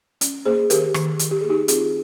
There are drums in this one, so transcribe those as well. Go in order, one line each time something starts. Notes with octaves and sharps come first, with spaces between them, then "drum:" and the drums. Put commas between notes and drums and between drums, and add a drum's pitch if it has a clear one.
C#4, drum: hi-hat
A#3 G#4 C5
D#3 G4 A#4, drum: hi-hat
D#3, drum: rim click
D#3, drum: hi-hat
G4
A#3 G#4
D#4 G4
C4 F4 G#4, drum: hi-hat